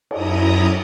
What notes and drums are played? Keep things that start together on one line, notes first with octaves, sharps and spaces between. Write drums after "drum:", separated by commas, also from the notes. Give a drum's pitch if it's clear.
F#2 E4 A#5 D#6, drum: cymbal